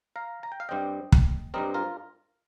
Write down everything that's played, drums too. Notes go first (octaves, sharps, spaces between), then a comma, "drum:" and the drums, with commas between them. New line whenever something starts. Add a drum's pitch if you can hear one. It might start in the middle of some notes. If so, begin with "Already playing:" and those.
F5 A#5
A#5
G5
F5
G2 G3 C4 D#5 G5
drum: kick
G2 G3 C4 A#4 D#5
F4 A#4